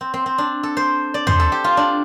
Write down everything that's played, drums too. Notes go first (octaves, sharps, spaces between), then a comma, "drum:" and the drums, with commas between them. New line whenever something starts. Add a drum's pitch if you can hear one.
C4
C4
C4
D4
A4
C5
D5
C5, drum: tom
A4
G4
F4
D4